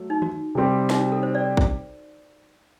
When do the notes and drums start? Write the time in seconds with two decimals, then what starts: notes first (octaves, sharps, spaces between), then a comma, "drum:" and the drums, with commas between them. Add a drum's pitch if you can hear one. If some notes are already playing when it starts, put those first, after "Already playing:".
Already playing: F#3 A3
0.10 D#4
0.22 F#4, drum: tom D#3
0.55 C3 G3 C4 G4
0.90 D#4, drum: snare
1.01 F#4
1.12 A4
1.23 C5
1.35 D5
1.57 drum: kick